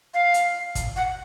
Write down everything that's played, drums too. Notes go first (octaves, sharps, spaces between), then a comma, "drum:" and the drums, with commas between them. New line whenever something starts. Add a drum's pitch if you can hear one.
F5
drum: hi-hat
drum: kick, hi-hat
F#5